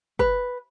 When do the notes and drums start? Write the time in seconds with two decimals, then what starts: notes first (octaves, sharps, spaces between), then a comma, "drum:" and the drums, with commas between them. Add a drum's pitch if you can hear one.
0.19 B4, drum: kick